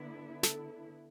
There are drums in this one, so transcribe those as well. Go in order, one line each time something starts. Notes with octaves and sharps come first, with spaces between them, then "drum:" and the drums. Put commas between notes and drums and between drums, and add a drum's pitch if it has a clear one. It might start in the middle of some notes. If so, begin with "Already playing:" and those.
Already playing: D3 B3 E4
A4, drum: snare